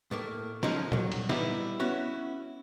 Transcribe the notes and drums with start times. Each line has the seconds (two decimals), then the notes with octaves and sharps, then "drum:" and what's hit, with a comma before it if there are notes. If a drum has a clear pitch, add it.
0.11 A2 A3 A#3
0.63 F3 F#3 G#3 A#3 C#4 D#4, drum: snare
0.92 G2 F#3, drum: tom A#2
1.12 drum: cymbal
1.29 G3 B3 D#4 E4, drum: snare
1.80 B3 C#4 E4 F#4 C#5